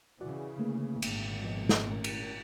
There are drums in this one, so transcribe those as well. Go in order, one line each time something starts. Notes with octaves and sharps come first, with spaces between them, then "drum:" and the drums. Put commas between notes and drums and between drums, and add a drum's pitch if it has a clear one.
C#3 E3 F#4 D5 F#5
D3 A3 A#3
G#1 A#2, drum: cymbal
F3 B3 D#5
drum: snare
A3 C#4 A#4
drum: cymbal